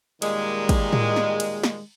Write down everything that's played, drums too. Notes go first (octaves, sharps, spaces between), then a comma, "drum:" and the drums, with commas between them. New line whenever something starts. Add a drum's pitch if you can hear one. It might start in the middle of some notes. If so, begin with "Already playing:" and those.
A#2 D#3 G3 G#3, drum: cymbal
drum: kick, cymbal
drum: tom A2
drum: snare
drum: cymbal
drum: snare